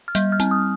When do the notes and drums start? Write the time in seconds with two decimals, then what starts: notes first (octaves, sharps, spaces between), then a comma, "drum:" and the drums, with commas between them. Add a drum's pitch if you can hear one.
0.08 F6
0.15 G3 G6, drum: hi-hat
0.32 F6
0.40 C4, drum: hi-hat
0.51 D#6